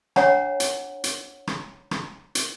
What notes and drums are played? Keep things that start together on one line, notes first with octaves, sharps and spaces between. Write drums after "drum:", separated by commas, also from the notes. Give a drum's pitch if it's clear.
D4 C#5 F#5 A#5, drum: rim click
drum: hi-hat
drum: hi-hat
drum: rim click
drum: rim click
drum: hi-hat